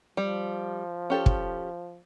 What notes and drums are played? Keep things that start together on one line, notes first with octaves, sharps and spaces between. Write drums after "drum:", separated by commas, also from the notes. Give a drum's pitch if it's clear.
F3 G3
C#4 G4 A4
drum: kick